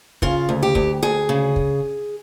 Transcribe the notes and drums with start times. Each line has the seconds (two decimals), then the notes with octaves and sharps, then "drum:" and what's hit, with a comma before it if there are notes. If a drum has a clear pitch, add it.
0.22 C#3 F4, drum: kick
0.49 D2
0.63 G4
0.75 D2, drum: kick
1.03 D2 G#4
1.29 C#3
1.56 drum: kick